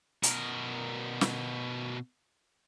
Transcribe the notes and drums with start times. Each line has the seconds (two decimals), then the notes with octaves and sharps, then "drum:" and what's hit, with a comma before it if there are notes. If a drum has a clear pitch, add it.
0.23 B2 A#4, drum: hi-hat
1.21 drum: snare